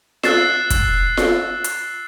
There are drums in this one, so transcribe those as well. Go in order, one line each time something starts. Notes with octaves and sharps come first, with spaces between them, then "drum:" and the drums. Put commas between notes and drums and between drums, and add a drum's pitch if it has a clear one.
E6 F#6 A6 C7 E7, drum: snare F4
drum: kick, hi-hat
drum: snare F4
drum: hi-hat